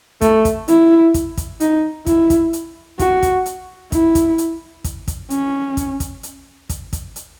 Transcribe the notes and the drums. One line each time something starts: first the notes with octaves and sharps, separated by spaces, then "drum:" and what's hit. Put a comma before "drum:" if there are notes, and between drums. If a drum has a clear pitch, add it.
A3, drum: kick, hi-hat
drum: kick, hi-hat
E4, drum: hi-hat
drum: kick, hi-hat
drum: kick, hi-hat
D#4, drum: hi-hat
E4, drum: kick, hi-hat
drum: kick, hi-hat
drum: hi-hat
F#4, drum: kick, hi-hat
drum: kick, hi-hat
drum: hi-hat
E4, drum: kick, hi-hat
drum: kick, hi-hat
drum: hi-hat
drum: kick, hi-hat
drum: kick, hi-hat
C#4, drum: hi-hat
drum: kick, hi-hat
drum: kick, hi-hat
drum: hi-hat
drum: kick, hi-hat
drum: kick, hi-hat
drum: hi-hat